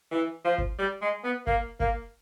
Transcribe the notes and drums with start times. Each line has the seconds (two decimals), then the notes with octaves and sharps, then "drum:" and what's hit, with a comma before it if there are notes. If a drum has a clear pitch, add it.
0.11 E3
0.45 F3
0.58 drum: kick G1
0.79 G3
1.02 G#3
1.24 B3
1.47 A#3, drum: kick G1
1.80 A#3, drum: kick G1